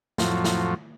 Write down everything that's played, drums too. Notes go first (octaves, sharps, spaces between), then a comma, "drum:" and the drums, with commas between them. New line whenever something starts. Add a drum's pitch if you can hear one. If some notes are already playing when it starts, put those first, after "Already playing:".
F2 A2 F3 F#3, drum: snare
drum: snare